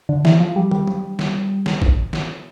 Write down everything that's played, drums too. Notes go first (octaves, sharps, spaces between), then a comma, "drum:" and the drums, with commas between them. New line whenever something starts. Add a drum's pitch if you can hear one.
D3
E3, drum: snare
F3
G3
G3, drum: tom
drum: tom F#3
drum: snare
drum: snare
drum: kick
drum: snare